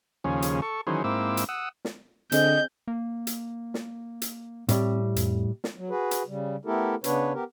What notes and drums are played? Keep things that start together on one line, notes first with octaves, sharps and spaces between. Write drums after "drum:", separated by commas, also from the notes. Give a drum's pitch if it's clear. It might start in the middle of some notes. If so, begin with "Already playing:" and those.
D#2 C#3 F3 C#4 G#4
drum: hi-hat
A4 C#6
D#3 E3 F#3 C#4 G#4 C5
G#2 A#3 C4 E4 D6 E6
drum: hi-hat
F#5 D#6 E6
drum: snare
D3 C4 G#4 D#5 G6, drum: hi-hat
A#3
drum: hi-hat
drum: snare
drum: hi-hat
A2 G3 C4, drum: hi-hat
F2, drum: hi-hat
drum: snare
F#3
F#4 G#4 B4
drum: hi-hat
C#3 G3
A3 B3 E4 G4 A4 A#4
C#3 B3 D4 B4 C#5, drum: hi-hat
B3 G4 A#4